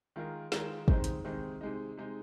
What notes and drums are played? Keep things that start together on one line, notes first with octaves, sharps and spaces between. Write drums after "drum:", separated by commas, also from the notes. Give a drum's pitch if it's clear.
D#3 G#3 F4 A#4
D#3 G#3 F4 A#4, drum: snare
C3 D#3 G#3 C4 D#4, drum: kick
drum: hi-hat
C3 D#3 G#3 C4 D#4
C3 G#3 D#4
C3 G#3 D#4